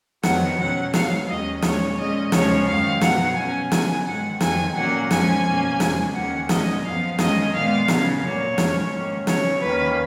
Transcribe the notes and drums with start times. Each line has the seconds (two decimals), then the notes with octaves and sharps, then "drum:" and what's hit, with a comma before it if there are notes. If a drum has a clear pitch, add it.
0.23 F2 D#3 F#3 B3 F#5, drum: snare
0.59 B2 F#3 C#4 F#5
0.94 G#2 F#3 B3 F5, drum: snare
1.28 D#2 D#3 G#3 C#4 D#5
1.62 A#2 G#3 C#4 C#5, drum: snare
1.97 A#2 G#3 C#4 D#5
2.32 D#2 C#3 F3 G#3 C#4 C#5, drum: snare
2.66 F#2 D#3 G#3 F5
3.01 B2 F#3 B3 F#5, drum: snare
3.37 B2 F#3 C#4 G#5
3.72 C#3 F#3 B3 G#5, drum: snare
4.06 G#2 D#3 F#3 F#5
4.41 F2 D#3 F#3 G#5, drum: snare
4.75 A#2 F#3 A#3 C#4 F#5
5.11 F#2 F3 G#3 C#4 G#5, drum: snare
5.45 B2 A#3 C#4
5.80 F2 C#3 G#3, drum: snare
6.14 D#2 D#3 A#3 C#4 F#5
6.49 A#2 G#3 C#4 D#5, drum: snare
6.84 F#2 F3 B3 F5
7.19 F#2 D#3 G#3 C#4 D#5, drum: snare
7.54 A#2 G#3 B3 F5
7.88 C#3 F#3 B3, drum: snare
8.23 A#2 F#3 A#3 C#5
8.58 F2 C#3 F3 G#3 C#4, drum: snare
8.93 G#2 D#3 A#3 C#4
9.27 C#3 F#3 C#4 C#5, drum: snare
9.62 D#2 D#3 A#3 C#4 B4